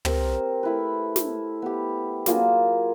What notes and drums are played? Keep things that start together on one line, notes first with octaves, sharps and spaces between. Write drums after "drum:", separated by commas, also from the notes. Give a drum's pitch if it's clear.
C4 G4 A#4, drum: tom
A3 E4 B4
drum: snare
B3 G4
F#3 A#3 F4 G#4, drum: snare